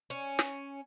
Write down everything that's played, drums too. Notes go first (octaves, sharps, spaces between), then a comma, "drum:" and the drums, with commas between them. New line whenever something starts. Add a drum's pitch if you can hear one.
C#4
drum: snare